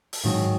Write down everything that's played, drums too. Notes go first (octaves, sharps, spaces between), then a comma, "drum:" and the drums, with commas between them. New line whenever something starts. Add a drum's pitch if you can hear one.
drum: open hi-hat
G#2 D#3 F#3